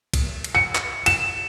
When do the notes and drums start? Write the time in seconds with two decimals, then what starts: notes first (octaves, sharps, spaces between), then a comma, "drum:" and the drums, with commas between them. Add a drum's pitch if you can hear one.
0.14 drum: kick, cymbal
0.44 drum: cymbal
0.55 C#7
0.75 drum: clap
1.06 E7, drum: cymbal